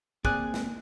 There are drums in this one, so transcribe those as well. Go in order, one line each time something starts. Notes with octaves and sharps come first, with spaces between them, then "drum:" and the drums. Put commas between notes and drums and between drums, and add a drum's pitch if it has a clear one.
A#3 C4 G#4 D5 G#5 F#6, drum: kick
drum: snare